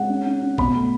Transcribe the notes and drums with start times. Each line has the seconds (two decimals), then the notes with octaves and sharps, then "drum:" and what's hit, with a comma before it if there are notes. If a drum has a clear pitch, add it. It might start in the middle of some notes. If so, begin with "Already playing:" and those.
Already playing: G#3 F#5
0.09 C#4
0.26 C#4
0.42 C#4
0.58 B2 B5, drum: kick
0.75 A3